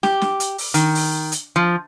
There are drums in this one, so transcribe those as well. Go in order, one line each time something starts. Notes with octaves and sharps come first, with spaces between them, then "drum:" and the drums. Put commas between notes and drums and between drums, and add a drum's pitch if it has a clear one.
G4, drum: snare
drum: snare
drum: hi-hat
drum: open hi-hat
D#3, drum: hi-hat
drum: open hi-hat
drum: hi-hat
F3